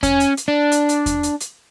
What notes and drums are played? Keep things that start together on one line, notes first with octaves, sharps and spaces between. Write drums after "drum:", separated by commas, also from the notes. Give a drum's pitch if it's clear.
C#4, drum: kick E2, hi-hat
drum: hi-hat
drum: hi-hat
D4
drum: hi-hat
drum: hi-hat
drum: kick E2, hi-hat
drum: hi-hat
drum: hi-hat